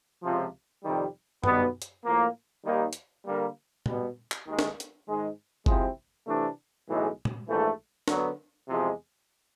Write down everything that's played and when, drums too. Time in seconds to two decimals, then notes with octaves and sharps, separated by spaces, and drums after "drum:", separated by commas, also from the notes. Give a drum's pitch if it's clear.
0.23 C#2 C3 F3
0.83 F2 C3 D#3 G3
1.44 B1 B2 G3 B3, drum: tom F#2
1.82 drum: hi-hat
2.04 A2 F3 A#3
2.65 D#2 D#3 G3 A#3 D#4
2.93 drum: hi-hat
3.25 D3 G3 A#3
3.86 B2 G3 B3, drum: tom A#2
4.32 drum: clap
4.46 D#2 D#3 G#3
4.59 drum: snare
4.80 drum: hi-hat
5.06 G#2 D#3 G#3
5.66 C3 F3 G#3 C4 E4, drum: kick
6.27 C3 E3 A3 D4
6.87 B1 A2 E3 G#3
7.25 drum: tom A#2
7.48 A#1 G#2 E3 A3
8.08 D3 F#3 B3, drum: snare
8.69 E2 C3 F3 G#3